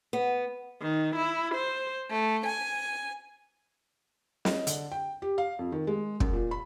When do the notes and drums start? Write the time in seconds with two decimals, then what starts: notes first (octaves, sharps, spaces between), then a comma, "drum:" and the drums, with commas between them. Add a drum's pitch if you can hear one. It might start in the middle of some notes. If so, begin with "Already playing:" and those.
0.13 B3
0.82 D#3
1.16 E4
1.55 C5
2.10 A3
2.45 G#5
4.45 D#5, drum: snare
4.67 D3, drum: hi-hat
4.92 G5
5.22 G4
5.38 F5
5.59 F2
5.72 D#3
5.87 G#3
6.20 F#2, drum: kick
6.33 A#2
6.51 B5